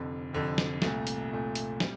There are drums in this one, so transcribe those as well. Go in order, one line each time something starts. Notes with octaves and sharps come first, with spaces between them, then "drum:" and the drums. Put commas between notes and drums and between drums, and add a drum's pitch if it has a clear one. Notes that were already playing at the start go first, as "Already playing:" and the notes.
Already playing: F1 F2 D3
F1 F2 D3
drum: snare
C2 A#2 A3, drum: snare
drum: hi-hat
C2 A#2 A3
drum: hi-hat
C3 G3, drum: snare